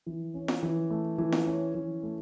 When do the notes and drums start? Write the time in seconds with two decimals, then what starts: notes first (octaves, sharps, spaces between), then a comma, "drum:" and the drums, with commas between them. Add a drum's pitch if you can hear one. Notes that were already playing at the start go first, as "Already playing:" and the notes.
0.06 E3
0.34 C#4
0.48 drum: snare F4
0.63 E3
0.90 A3
1.18 E3
1.32 drum: snare F4
1.46 C#4
1.74 E3
2.03 A3